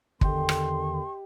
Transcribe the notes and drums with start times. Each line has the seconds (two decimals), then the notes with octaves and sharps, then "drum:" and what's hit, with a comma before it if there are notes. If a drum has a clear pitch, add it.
0.21 E2 D3 D#3 G4 D#5 C6, drum: kick
0.49 drum: rim click